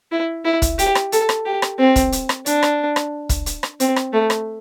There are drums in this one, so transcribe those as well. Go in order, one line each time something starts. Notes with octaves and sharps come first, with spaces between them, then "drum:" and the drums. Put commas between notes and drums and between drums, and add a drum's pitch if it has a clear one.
E4
E4
drum: kick, hi-hat
G4, drum: hi-hat
drum: rim click
A4, drum: hi-hat
drum: rim click
G4
drum: rim click
C4
drum: kick, hi-hat
drum: hi-hat
drum: rim click
D4, drum: hi-hat
drum: rim click
drum: rim click
drum: kick, hi-hat
drum: hi-hat
drum: rim click
C4, drum: hi-hat
drum: rim click
A3
drum: rim click